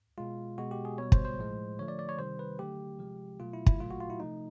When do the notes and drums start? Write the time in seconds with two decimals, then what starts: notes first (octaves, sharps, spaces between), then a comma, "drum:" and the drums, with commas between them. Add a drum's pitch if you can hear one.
0.18 B2 G#3 F4
0.58 B2 G#3 F#4
0.71 G4
0.85 G#4
0.98 B2 G3 C#5
1.12 C5, drum: kick
1.25 C5
1.39 A2 F3 G#3
1.79 D3 F3 A3 C#5
1.88 D5
1.99 D5
2.09 C#5
2.18 C3 D#3 G3 C5
2.39 B4
2.59 D3 F#3 A3 G4
2.99 C3 F3 G#3
3.40 B2 F#3 A3 F4
3.53 E4
3.66 E4, drum: kick
3.80 A#2 F#3 A3 F4
3.91 F#4
4.00 F4
4.10 E4
4.20 C3 F3 A3 D#4